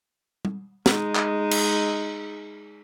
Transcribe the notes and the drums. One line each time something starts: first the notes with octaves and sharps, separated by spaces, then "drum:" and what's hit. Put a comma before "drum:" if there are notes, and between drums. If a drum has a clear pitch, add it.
drum: tom G3
G#3 D#4, drum: snare
drum: clap
drum: cymbal